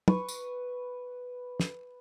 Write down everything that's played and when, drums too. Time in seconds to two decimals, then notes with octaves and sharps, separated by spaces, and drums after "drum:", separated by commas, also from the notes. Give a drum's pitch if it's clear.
0.08 B4 C#6, drum: tom
0.29 drum: tambourine
1.60 drum: snare